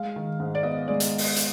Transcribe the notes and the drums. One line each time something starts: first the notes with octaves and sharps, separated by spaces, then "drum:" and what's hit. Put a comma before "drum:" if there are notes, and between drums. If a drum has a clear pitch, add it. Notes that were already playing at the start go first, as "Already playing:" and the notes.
Already playing: G#3 F5
D#3
G#2
D5
B3 D#5
G#3 D5
drum: hi-hat
drum: open hi-hat
drum: hi-hat